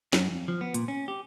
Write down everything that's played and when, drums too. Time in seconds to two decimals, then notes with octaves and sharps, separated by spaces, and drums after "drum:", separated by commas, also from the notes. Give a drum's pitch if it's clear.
0.13 F#2, drum: snare
0.30 F2
0.48 F3
0.61 B3
0.74 A#2, drum: hi-hat
0.88 C#4
1.08 G4